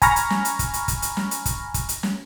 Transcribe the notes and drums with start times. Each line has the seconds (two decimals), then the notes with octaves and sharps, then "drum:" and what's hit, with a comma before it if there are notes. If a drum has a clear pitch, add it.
0.02 G#5 A#5 B5 C#6 F6 A#6, drum: kick, hi-hat
0.16 drum: hi-hat
0.30 drum: snare
0.45 drum: hi-hat
0.59 drum: kick, hi-hat
0.74 drum: hi-hat
0.88 drum: kick, hi-hat
1.02 drum: hi-hat
1.17 drum: snare
1.31 drum: hi-hat
1.45 drum: kick, hi-hat
1.74 drum: kick, hi-hat
1.89 drum: hi-hat
2.03 drum: snare